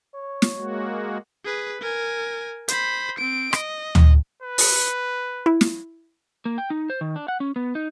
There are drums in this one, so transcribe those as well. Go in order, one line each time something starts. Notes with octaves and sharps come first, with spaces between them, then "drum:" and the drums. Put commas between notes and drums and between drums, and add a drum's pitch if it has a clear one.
C#5
drum: snare
G#3 A#3 F#4
G#4 B4
A#4 G#5
C5 B5, drum: hi-hat
C4 D7
D#5, drum: rim click
drum: tom D2
B4
drum: open hi-hat
E4
drum: snare
A#3
G5
D#4
C5
D#3
D4
F#5
C#4
B3
D#4